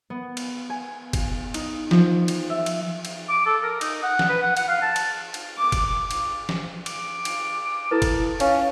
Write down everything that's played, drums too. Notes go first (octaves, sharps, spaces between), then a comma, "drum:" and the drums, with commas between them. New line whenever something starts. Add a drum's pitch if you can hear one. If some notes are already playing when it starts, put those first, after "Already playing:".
B3
drum: cymbal
G#5
drum: kick, cymbal
D#4, drum: cymbal
F3, drum: snare
drum: cymbal
E5
drum: cymbal
drum: cymbal
D6
A4
A#4
D#4, drum: cymbal
F#5
drum: snare
B4
F#5
F#5, drum: cymbal
F5
A5
drum: cymbal
drum: cymbal
D6
drum: kick, cymbal
drum: cymbal
drum: snare
D6, drum: cymbal
drum: cymbal
E4 A4 B4 A5
drum: kick, cymbal
C#4 F5 A5, drum: cymbal